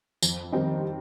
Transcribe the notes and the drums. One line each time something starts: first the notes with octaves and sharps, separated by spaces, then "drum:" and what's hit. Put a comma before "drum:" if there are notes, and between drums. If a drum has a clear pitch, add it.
F2, drum: tambourine
D#3 G3 C4 D#4